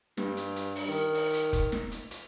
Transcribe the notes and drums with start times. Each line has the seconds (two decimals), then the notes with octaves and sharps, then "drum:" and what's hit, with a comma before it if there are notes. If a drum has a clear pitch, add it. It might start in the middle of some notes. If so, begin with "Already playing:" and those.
0.17 G2, drum: snare
0.37 drum: hi-hat
0.56 drum: hi-hat
0.75 drum: open hi-hat
0.88 D#3
1.14 drum: open hi-hat
1.33 drum: hi-hat
1.53 drum: kick F1, hi-hat
1.72 drum: snare
1.91 drum: hi-hat
2.11 drum: hi-hat